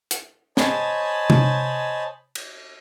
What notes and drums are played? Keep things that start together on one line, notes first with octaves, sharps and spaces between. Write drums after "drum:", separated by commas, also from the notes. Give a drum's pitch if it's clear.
drum: hi-hat
C5 C#5 D#5 G#5 A5 B5, drum: snare
drum: tom C3
drum: cymbal